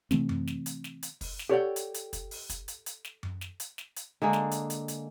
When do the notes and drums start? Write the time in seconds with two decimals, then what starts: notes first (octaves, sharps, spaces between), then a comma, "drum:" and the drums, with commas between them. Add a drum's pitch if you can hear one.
0.11 C3 E3 A3 C4, drum: snare
0.29 drum: tom F#2
0.47 drum: snare
0.66 drum: hi-hat
0.84 drum: snare
1.03 drum: hi-hat
1.21 drum: kick, open hi-hat
1.39 drum: snare
1.49 G4 A4 C#5 D5 F#5 G5
1.76 drum: hi-hat
1.94 drum: hi-hat
2.13 drum: kick, hi-hat
2.31 drum: open hi-hat
2.49 drum: kick, hi-hat
2.68 drum: hi-hat
2.86 drum: hi-hat
3.05 drum: snare
3.23 drum: tom F#2
3.41 drum: snare
3.60 drum: hi-hat
3.78 drum: snare
3.96 drum: hi-hat
4.22 D3 G#3 A#3 G#4
4.33 drum: snare
4.51 drum: hi-hat
4.70 drum: hi-hat
4.88 drum: hi-hat